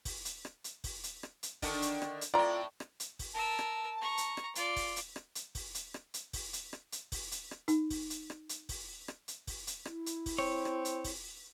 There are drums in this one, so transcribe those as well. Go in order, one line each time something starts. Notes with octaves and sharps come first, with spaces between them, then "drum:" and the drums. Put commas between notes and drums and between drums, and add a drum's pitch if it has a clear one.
drum: kick, open hi-hat
drum: hi-hat
drum: rim click
drum: hi-hat
drum: kick, open hi-hat
drum: hi-hat
drum: rim click
drum: hi-hat
D3 D#3 D4, drum: kick, open hi-hat
drum: hi-hat
drum: rim click
drum: hi-hat
A2 C4 F4 D5 A#5
drum: rim click
drum: hi-hat
drum: kick, open hi-hat
A#4 A5 E6
drum: rim click
A#5 C#6
drum: hi-hat
drum: rim click
F4 D5, drum: hi-hat
drum: kick, open hi-hat
drum: hi-hat
drum: rim click
drum: hi-hat
drum: kick, open hi-hat
drum: hi-hat
drum: rim click
drum: hi-hat
drum: kick, open hi-hat
drum: hi-hat
drum: rim click
drum: hi-hat
drum: kick, open hi-hat
drum: hi-hat
drum: rim click
D#4, drum: hi-hat
drum: kick, open hi-hat
drum: hi-hat
drum: rim click
drum: hi-hat
drum: kick, open hi-hat
drum: rim click
drum: hi-hat
drum: kick, open hi-hat
drum: hi-hat
E4, drum: rim click
drum: hi-hat
drum: kick, open hi-hat
C4 C#5
drum: rim click
drum: hi-hat
drum: kick, open hi-hat